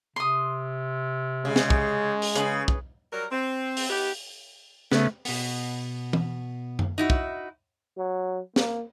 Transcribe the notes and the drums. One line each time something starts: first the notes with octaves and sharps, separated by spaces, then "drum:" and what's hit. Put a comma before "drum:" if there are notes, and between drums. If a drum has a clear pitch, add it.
C3 C6 D#6
C#3 G#3
drum: snare
drum: kick
drum: open hi-hat
C#3 G#4 B4, drum: hi-hat
drum: kick
F#3 G3 A#4
C4
drum: open hi-hat
B3 D#4 G4
C#3 A3 B3, drum: snare
B2 B3, drum: open hi-hat
drum: tom E3
drum: tom F#2
D#4 E4 F#4
drum: kick
F#3
A#3, drum: snare